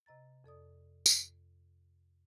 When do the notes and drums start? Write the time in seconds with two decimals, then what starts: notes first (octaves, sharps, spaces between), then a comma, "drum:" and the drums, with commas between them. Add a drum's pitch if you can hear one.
0.06 C3 D#5 A#5 A6
0.44 F2 A4 D5 D#6
1.06 F2, drum: tambourine